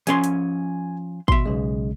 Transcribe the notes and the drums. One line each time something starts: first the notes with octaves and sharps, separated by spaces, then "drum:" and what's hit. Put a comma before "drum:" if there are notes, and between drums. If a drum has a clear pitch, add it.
F3 C#4 G#5 C6, drum: hi-hat
drum: hi-hat
B2 E5 C6, drum: kick
B1 C#3 G#3